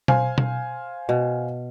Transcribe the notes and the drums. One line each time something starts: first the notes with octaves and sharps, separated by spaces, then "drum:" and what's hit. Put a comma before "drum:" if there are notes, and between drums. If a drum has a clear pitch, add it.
C5 F5 G#5, drum: tom B2
drum: tom B2
B2